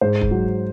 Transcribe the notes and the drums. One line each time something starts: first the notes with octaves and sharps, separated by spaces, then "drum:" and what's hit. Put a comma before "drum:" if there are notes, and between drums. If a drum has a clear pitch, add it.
G#2 C5
drum: kick
F#3